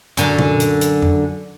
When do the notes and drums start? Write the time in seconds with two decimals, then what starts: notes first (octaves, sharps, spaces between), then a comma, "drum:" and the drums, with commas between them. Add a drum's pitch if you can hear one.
0.17 F#2 D3, drum: hi-hat
0.39 drum: tom A#2
0.60 drum: hi-hat
0.81 drum: hi-hat
1.02 drum: tom F2